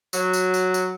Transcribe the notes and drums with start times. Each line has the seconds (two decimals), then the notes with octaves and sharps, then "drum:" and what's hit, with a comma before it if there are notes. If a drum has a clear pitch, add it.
0.13 F#3, drum: tambourine
0.33 drum: tambourine
0.54 drum: tambourine
0.74 drum: tambourine